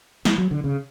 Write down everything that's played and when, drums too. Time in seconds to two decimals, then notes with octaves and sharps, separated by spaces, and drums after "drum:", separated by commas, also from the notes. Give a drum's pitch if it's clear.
0.25 E3, drum: snare
0.38 F#3
0.51 D3
0.64 C#3